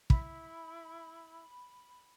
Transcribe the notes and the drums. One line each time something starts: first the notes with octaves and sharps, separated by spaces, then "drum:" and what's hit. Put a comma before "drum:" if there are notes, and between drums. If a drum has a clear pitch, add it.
E4 B5, drum: kick